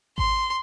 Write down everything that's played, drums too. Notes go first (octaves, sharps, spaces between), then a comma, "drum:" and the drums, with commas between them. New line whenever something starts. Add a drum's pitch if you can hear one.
C6, drum: kick G#1